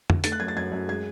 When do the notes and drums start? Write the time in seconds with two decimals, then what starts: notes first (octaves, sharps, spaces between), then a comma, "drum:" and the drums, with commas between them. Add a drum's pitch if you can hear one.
0.10 drum: tom
0.24 A3 A6, drum: hi-hat
0.32 F#6
0.40 F#2 G#6
0.48 A6
0.57 F#2 G#6
0.72 F#2
0.88 G#3 G#6